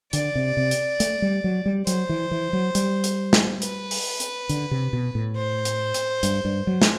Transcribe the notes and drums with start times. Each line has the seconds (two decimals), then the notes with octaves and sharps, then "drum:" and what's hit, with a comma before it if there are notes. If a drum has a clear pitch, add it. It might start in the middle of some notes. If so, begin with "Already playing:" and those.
0.13 D3 D5, drum: hi-hat
0.35 C3
0.57 C3
0.71 drum: hi-hat
1.00 A3, drum: hi-hat
1.22 G3
1.44 F#3
1.66 G3
1.87 F#3 C5, drum: hi-hat
2.09 E3
2.31 E3
2.53 F#3
2.75 G3, drum: hi-hat
3.04 drum: hi-hat
3.33 drum: snare
3.62 B4, drum: hi-hat
3.91 drum: open hi-hat
4.20 drum: hi-hat
4.49 D3, drum: hi-hat
4.71 C3
4.93 B2
5.15 A2
5.36 C5
5.65 drum: hi-hat
5.94 drum: hi-hat
6.23 G2, drum: hi-hat
6.45 G2
6.67 F#3
6.82 drum: snare